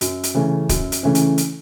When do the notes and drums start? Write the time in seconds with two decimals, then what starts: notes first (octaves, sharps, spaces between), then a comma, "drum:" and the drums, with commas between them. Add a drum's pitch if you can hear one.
0.01 F#2, drum: hi-hat
0.23 drum: hi-hat
0.35 C#3 E3 A3 C#4
0.69 F#2, drum: kick, hi-hat
0.92 drum: hi-hat
1.03 C#3 E3 A3 C#4
1.15 drum: hi-hat
1.38 drum: hi-hat